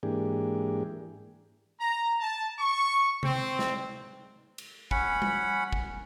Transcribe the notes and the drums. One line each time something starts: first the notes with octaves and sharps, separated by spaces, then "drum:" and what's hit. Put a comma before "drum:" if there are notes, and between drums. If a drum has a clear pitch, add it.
G#2 E3 A#3 D4 G4 G#4
A#5
A5
C#6
C4, drum: tom C3
drum: snare
drum: cymbal
C#4 F#5 B5, drum: kick
drum: tom G3
drum: kick